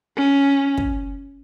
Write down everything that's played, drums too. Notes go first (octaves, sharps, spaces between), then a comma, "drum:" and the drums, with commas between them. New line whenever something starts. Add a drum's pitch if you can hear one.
C#4
drum: kick